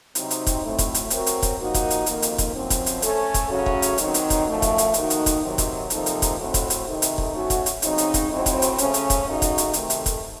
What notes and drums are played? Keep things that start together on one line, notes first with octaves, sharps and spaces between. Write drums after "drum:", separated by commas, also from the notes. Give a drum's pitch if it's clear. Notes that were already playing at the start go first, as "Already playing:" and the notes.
C3 F#3 C4 D#4, drum: hi-hat
drum: hi-hat
drum: kick, hi-hat
A2 F#3 A3 C4
drum: kick, hi-hat
drum: hi-hat
F#3 C4 F#4 A#4, drum: hi-hat
drum: hi-hat
drum: kick, hi-hat
F3 A#3 D#4 F#4
drum: kick, hi-hat
drum: hi-hat
F2 D#3 A#3 D#4, drum: hi-hat
drum: hi-hat
drum: kick, hi-hat
F#2 F3 C4
drum: kick, hi-hat
drum: hi-hat
A3 C#4 A4, drum: hi-hat
drum: kick, hi-hat
C#3 F#3 A3 C#4 F#4
drum: kick
drum: hi-hat
D#3 F#3 C4 D#4, drum: hi-hat
drum: hi-hat
drum: kick, hi-hat
F#2 F3 A3
drum: kick, hi-hat
drum: hi-hat
D#3 A#3 D#4 F#4, drum: hi-hat
drum: hi-hat
drum: kick, hi-hat
C3 D#3 F#3
drum: kick, hi-hat
C3 F3 A#3 D#4 A4, drum: hi-hat
drum: hi-hat
drum: kick, hi-hat
A2 A3 C4 F#4 A4
drum: kick, hi-hat
drum: hi-hat
C3 D#3 A3 D#4
drum: hi-hat
drum: kick
A3 C#4 F#4
drum: kick, hi-hat
drum: hi-hat
C#3 F#3 C4 D#4, drum: hi-hat
drum: hi-hat
drum: kick, hi-hat
A2 F#3 C4 F#4
drum: kick, hi-hat
drum: hi-hat
C#3 A3 C#4, drum: hi-hat
drum: hi-hat
drum: kick, hi-hat
F#2 C#3 A3 D#4 F#4
drum: kick, hi-hat
drum: hi-hat
C3 D#3 A3, drum: hi-hat
drum: hi-hat
drum: kick, hi-hat